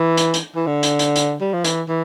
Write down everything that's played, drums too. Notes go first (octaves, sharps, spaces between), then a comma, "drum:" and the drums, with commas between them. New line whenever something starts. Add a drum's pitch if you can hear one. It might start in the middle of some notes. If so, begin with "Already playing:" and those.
Already playing: E3
drum: hi-hat
drum: hi-hat
E3
D3
drum: hi-hat
drum: hi-hat
drum: hi-hat
G3
F3
E3, drum: hi-hat
E3